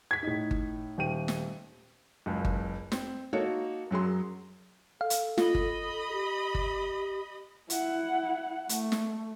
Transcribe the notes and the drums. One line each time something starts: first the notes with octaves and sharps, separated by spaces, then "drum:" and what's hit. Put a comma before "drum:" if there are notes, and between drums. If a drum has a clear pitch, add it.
G#6 B6
A2 D#4
drum: kick G1
D#1 G5 D#7
drum: snare
F#1 C#2
drum: kick G1
C4, drum: snare
A#3 D#4 F#4 A4 C#5
F#2 F#3 G#4 C6
A4 F5
drum: hi-hat
F4 D#5 B5 D#6, drum: snare
drum: kick G1
G4
drum: kick G1
E4 F#5, drum: hi-hat
A3, drum: hi-hat
drum: snare